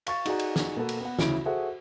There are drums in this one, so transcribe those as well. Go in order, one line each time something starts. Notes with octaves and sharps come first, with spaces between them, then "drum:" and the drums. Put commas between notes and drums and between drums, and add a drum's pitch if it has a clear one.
F5 C#6 A6, drum: cymbal
D#4 F#4 G#4 D5 G#5 A#5, drum: cymbal
drum: cymbal
drum: snare
B2 A#3 B3 F#4 A4
drum: cymbal
B3 F#5
D2 C#3 E3 E4 D7, drum: snare
F#4 G#4 A4 C5 E5 F#5